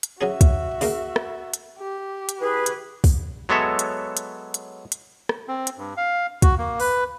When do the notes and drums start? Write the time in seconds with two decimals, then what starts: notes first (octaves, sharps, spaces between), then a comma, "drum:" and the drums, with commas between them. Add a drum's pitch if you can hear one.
0.03 drum: hi-hat
0.21 F#3 C#4 F#4 G#4 E5
0.41 drum: kick, hi-hat
0.81 C#3 A#3 A#4, drum: open hi-hat
1.16 drum: rim click
1.54 drum: hi-hat
1.79 G4
2.29 drum: hi-hat
2.41 E3 G#4 B4
2.66 drum: hi-hat
3.04 drum: kick, open hi-hat
3.49 F#3 G#3 B3 A4 C#5 E5
3.79 drum: hi-hat
4.17 drum: hi-hat
4.54 drum: hi-hat
4.92 drum: hi-hat
5.29 drum: rim click
5.48 C4
5.67 drum: hi-hat
5.77 G2
5.97 F5
6.42 F#4, drum: kick, hi-hat
6.58 A#3
6.80 B4, drum: open hi-hat